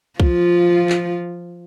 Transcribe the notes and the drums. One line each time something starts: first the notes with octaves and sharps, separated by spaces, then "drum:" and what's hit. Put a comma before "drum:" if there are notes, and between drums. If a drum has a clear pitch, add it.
F3 F4, drum: kick C2
drum: clap